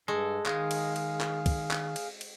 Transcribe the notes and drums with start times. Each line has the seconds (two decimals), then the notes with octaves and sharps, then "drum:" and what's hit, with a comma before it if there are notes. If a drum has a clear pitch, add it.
0.08 G2 G#3 A4
0.46 D#3 G#3 G#4 F5, drum: clap
0.71 drum: cymbal
0.96 drum: cymbal
1.21 drum: clap
1.46 drum: kick, cymbal
1.71 drum: clap
1.96 drum: cymbal
2.21 drum: cymbal